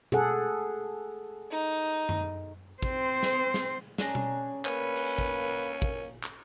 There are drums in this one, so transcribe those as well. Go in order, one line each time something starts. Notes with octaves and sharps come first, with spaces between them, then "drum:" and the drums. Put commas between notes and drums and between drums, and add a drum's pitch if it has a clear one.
G#4 A4 F#5, drum: tom B2
D#4
drum: tom F#2
C4 C5, drum: kick
drum: snare
drum: snare
C#4 D4 G#4 A#5, drum: snare
drum: tom B2
A#3 C#4 B4, drum: clap
drum: cymbal
drum: kick
drum: kick
drum: clap